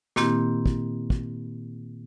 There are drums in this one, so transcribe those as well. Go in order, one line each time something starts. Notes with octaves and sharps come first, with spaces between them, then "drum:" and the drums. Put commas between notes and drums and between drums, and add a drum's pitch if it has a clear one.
A#2 D#3 A#3 C4 E4 G4, drum: snare
drum: kick
drum: kick